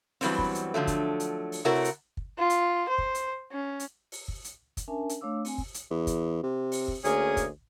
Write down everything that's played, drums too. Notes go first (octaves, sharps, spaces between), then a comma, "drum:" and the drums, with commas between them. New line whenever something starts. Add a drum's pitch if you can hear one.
G2 E3 F#3 G3 B3 C4, drum: open hi-hat
drum: kick
drum: hi-hat
D3 F3 F#3 A3
drum: kick, hi-hat
drum: hi-hat
drum: open hi-hat
C3 A3 E4 F#4 A#4 C#5
drum: hi-hat
drum: kick
F4
drum: hi-hat
C5
drum: kick
drum: hi-hat
C#4
drum: hi-hat
drum: open hi-hat
drum: kick
drum: hi-hat
drum: kick, hi-hat
C#4 D4 A#4 E5 G#5 A5
drum: hi-hat
A3 D4 C#5 F5 D6 E6
C4 G#5, drum: open hi-hat
drum: kick
drum: hi-hat
E2
drum: kick, hi-hat
C3
drum: open hi-hat
drum: kick
D2 A#3 C#4 G#4, drum: hi-hat
drum: kick, hi-hat